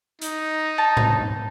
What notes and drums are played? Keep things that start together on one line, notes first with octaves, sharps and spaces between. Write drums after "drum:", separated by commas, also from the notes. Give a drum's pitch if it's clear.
D#4, drum: hi-hat
A5
drum: tom G#2